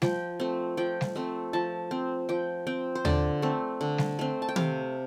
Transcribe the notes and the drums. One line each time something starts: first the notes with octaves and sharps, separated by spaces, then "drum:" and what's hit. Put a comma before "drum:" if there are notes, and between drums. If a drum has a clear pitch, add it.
F3 G5, drum: snare G3
A3 C4
F3 G5
drum: snare G3
A3 C4
F3 A5
C4
F3 G5
C4 G5
C5
D3 D5, drum: tom D#2
A3 C4
D3
drum: snare G3
A3 C4
A5
G5
C3 F5, drum: tom